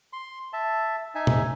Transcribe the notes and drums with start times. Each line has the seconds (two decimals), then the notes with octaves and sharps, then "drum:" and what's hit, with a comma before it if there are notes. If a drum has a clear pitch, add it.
0.13 C6
0.53 E5 A5
1.15 D#4 E5 G#5
1.27 drum: tom